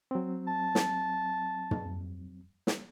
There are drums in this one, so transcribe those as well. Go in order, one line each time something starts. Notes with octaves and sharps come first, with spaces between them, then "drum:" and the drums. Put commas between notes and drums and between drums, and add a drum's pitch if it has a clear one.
F#3 C4
A5
drum: snare
drum: tom
drum: snare